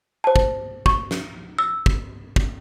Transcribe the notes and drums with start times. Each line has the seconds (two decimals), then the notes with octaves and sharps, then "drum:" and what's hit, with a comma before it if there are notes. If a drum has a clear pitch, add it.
0.24 C5 A5
0.36 drum: kick
0.86 C#6, drum: kick
1.11 drum: snare
1.59 E6
1.86 drum: kick
2.36 drum: kick